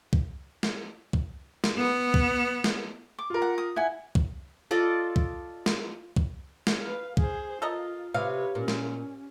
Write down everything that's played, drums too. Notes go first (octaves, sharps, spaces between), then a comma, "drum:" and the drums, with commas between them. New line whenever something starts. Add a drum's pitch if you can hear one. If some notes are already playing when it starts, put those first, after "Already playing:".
drum: kick
drum: snare
drum: kick
drum: snare
B3
drum: kick
drum: snare
D6
F4 A#4
F#5
D#6
E4 F#5 G#5
drum: kick
F4 A4 D5 D#5
drum: kick
drum: snare
drum: kick
drum: snare
B4 F5
G#4 C5, drum: kick
F4 A4 A#4 D#5
C3 B4 C#5 F5
A#2 C#4
drum: snare